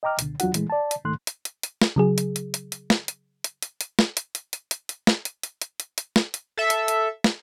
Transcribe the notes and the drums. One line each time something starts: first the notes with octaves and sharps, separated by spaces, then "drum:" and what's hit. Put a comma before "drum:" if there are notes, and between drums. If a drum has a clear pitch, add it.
D#5 G5 A#5 D6 F6
C#2 B2 D3, drum: hi-hat
E2 F#3 D4 F4 F#4 F#5, drum: hi-hat
A#2 E3 G#3 A3, drum: hi-hat
D5 A5
drum: hi-hat
C2 G#2 D#3 A3 C6 F#6
drum: hi-hat
drum: hi-hat
drum: hi-hat
drum: snare
C#3 F#3 G#4
drum: hi-hat
drum: hi-hat
drum: hi-hat
drum: hi-hat
drum: snare
drum: hi-hat
drum: hi-hat
drum: hi-hat
drum: hi-hat
drum: snare
drum: hi-hat
drum: hi-hat
drum: hi-hat
drum: hi-hat
drum: hi-hat
drum: snare
drum: hi-hat
drum: hi-hat
drum: hi-hat
drum: hi-hat
drum: hi-hat
drum: snare
drum: hi-hat
A4 E5
drum: hi-hat
drum: hi-hat
drum: snare